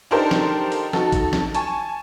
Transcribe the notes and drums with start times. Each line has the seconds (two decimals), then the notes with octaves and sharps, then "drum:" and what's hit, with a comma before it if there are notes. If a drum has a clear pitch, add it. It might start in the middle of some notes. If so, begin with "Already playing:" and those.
0.11 D4 D#4 G4 A4 A#4 C5
0.31 drum: snare
0.72 drum: open hi-hat
0.93 D#4 F#4 A4, drum: snare
1.12 drum: kick A1, hi-hat
1.33 drum: snare
1.54 G#5 A5 C#6, drum: hi-hat